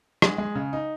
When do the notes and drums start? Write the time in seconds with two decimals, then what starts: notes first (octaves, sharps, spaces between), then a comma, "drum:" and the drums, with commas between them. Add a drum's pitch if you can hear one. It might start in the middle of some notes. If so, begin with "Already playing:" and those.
0.22 G#3, drum: rim click
0.38 G#3
0.55 C#3
0.73 D#4